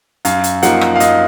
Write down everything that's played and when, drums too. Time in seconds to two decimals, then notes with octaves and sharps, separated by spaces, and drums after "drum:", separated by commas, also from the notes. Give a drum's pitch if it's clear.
0.25 F#2 F5, drum: hi-hat
0.44 drum: hi-hat
0.63 F3 A#3 D#4 F#5, drum: hi-hat
0.81 drum: rim click
0.95 F5
1.00 F#2 D#5, drum: hi-hat